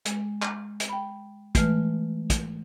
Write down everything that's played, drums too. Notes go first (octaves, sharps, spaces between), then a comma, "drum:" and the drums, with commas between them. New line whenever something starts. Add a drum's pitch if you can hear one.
G#3, drum: hi-hat
drum: clap
drum: hi-hat
G5 B5
E3 G#3 A3 B4 F6, drum: kick, hi-hat
drum: kick, hi-hat